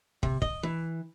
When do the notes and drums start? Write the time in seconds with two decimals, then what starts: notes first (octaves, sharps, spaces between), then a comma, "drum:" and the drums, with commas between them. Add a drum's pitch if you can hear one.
0.23 C3, drum: kick
0.42 D#5, drum: kick
0.63 E3